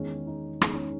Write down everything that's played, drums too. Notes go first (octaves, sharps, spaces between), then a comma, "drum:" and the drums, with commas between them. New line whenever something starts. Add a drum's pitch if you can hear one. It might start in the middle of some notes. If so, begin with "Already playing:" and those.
Already playing: E2 D#3 G#3 C#4
D#4
E2 D#3 G#3 D#4, drum: rim click
C#4